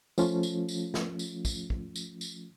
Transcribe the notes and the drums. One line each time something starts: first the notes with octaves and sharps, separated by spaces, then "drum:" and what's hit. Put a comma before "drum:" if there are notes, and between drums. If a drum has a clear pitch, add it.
F3 A3 C#4 F4, drum: tambourine
drum: tambourine
drum: tambourine
drum: snare
drum: tambourine
drum: kick, tambourine
drum: kick
drum: tambourine
drum: tambourine